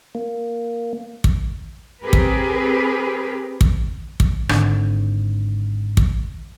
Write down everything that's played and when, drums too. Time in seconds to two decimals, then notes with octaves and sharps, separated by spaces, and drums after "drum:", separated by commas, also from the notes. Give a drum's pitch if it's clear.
0.15 A#3
1.24 drum: kick
2.03 C4 G4 G#4 A#4 B4
2.13 drum: kick
3.61 drum: kick
4.20 drum: kick
4.49 G#1 D3, drum: rim click
5.97 drum: kick